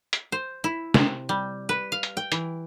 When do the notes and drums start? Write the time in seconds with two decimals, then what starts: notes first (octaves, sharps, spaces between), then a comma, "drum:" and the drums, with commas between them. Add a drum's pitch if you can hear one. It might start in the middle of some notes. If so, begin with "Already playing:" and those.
0.13 drum: hi-hat
0.32 C5
0.64 E4
0.94 C3, drum: snare
1.29 G3
1.69 B4
1.92 F5
2.03 drum: hi-hat
2.17 G5
2.32 E3, drum: hi-hat